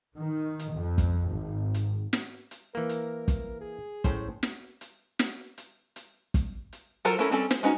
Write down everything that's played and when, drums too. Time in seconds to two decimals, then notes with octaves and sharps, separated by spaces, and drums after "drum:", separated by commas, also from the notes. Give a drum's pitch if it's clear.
0.16 D#3
0.59 drum: hi-hat
0.74 F2
0.98 drum: kick, hi-hat
1.30 G#1
1.74 drum: hi-hat
2.13 drum: snare
2.51 drum: hi-hat
2.75 E3 A#3 A#4
2.89 drum: hi-hat
3.28 drum: kick, hi-hat
3.61 G#4
4.04 A2 C#4 C5, drum: kick, hi-hat
4.43 drum: snare
4.81 drum: hi-hat
5.19 drum: snare
5.58 drum: hi-hat
5.96 drum: hi-hat
6.34 drum: kick, hi-hat
6.73 drum: hi-hat
7.05 F#3 F4 A4 A#4 C5
7.19 A3 C#4 E4 A4 A#4
7.31 G3 C4 C#4 A4
7.51 C5, drum: snare
7.63 G#3 B3 C#4 D#4 F#4